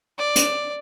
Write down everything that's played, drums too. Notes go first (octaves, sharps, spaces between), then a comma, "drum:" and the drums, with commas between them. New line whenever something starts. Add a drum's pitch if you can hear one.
D5
drum: hi-hat